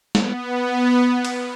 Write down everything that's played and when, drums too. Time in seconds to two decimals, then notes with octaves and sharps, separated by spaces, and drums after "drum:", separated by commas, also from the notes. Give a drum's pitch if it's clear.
0.15 B3, drum: snare
1.25 drum: cymbal